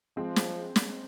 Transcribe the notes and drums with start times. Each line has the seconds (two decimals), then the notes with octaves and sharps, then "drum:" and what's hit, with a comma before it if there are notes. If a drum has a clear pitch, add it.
0.17 F3 G#3 C4
0.36 drum: snare
0.76 drum: snare